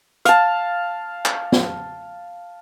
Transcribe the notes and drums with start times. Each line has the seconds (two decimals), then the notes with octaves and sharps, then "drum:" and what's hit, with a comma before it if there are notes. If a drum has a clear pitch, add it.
0.25 F5 A5, drum: hi-hat
1.25 drum: clap
1.52 drum: snare